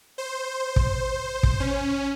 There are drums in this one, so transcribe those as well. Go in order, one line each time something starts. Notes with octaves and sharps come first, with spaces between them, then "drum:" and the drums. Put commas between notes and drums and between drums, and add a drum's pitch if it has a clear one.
C5
drum: kick
drum: kick
C#4